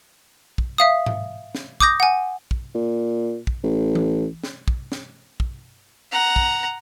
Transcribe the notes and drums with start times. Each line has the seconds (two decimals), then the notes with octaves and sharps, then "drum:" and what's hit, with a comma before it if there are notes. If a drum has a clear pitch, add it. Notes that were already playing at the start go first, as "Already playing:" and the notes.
0.58 drum: kick
0.78 E5 F5 D#6
1.06 drum: tom G#2
1.55 drum: snare
1.80 D6 D#6 G6 A#6, drum: kick
2.00 F#5 G#5
2.51 drum: kick
2.75 A#2
3.47 drum: kick
3.64 A1
3.95 drum: tom E3
4.44 drum: snare
4.68 drum: kick
4.92 drum: snare
5.40 drum: kick
6.12 F#5 A#5
6.36 drum: kick